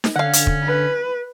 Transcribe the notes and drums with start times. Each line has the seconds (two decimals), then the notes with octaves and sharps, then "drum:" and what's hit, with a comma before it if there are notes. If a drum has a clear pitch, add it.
0.04 drum: snare D#4
0.16 D3 C#4 F5 F#5
0.33 drum: hi-hat
0.47 drum: kick
0.62 B4